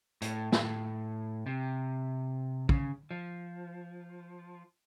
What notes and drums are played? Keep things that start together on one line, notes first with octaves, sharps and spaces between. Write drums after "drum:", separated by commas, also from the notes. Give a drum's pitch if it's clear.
A2, drum: hi-hat
A2, drum: snare
C3
C#3, drum: kick
F3